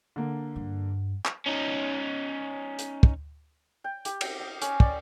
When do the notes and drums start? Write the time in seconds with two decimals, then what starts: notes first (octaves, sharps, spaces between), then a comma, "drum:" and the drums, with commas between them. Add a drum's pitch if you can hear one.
0.16 D3 A#3
0.56 G2
1.25 drum: clap
1.46 C#4 D#4
2.79 drum: hi-hat
3.03 drum: kick
3.84 G5
4.05 G4, drum: hi-hat
4.21 G5, drum: cymbal
4.40 D#5
4.62 C#4, drum: hi-hat
4.80 D5, drum: kick